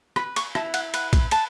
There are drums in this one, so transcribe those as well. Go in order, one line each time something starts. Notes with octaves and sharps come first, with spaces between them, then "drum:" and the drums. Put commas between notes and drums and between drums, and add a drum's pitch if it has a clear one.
B4 B5, drum: rim click
C#6, drum: cymbal
E4 A5, drum: rim click
F#5, drum: cymbal
B4 F#5, drum: cymbal
drum: kick, cymbal
B4 A5, drum: cymbal